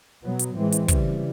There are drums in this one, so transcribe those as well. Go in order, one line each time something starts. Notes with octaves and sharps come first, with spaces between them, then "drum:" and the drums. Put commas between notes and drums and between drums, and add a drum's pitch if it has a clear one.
B2 F#3 B3
drum: hi-hat
A2 E3 G#3 C4
drum: hi-hat
C#3 E3 G3, drum: kick, hi-hat